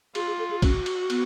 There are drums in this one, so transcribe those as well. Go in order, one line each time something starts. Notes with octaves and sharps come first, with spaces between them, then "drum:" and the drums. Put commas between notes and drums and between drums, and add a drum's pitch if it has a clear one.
F4 G#4, drum: cymbal
G#4
A4
G#4
C#4 F#4, drum: kick, cymbal
drum: cymbal
B3, drum: cymbal